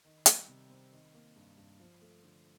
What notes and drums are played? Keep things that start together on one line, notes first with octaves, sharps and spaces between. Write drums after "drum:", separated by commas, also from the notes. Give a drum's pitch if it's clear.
D#3
G3, drum: hi-hat
C3
C4
D#3
A#3
G2
G2
F3
A3
D3